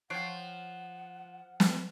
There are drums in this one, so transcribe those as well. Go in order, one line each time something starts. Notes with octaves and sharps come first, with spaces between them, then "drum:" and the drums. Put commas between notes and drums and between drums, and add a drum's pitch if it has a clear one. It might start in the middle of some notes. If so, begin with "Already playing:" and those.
F3 C#5 F#5 G5 F#6 C7 D7
drum: snare